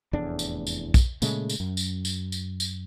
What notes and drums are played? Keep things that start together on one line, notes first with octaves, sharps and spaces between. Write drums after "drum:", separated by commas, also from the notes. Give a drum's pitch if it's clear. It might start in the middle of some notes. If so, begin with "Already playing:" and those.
F1 E2 A2 D4
drum: tambourine
drum: tambourine
drum: kick, tambourine
A#2 C#3 G#3 A3, drum: tambourine
drum: tambourine
F#2
drum: tambourine
drum: tambourine
drum: tambourine
drum: tambourine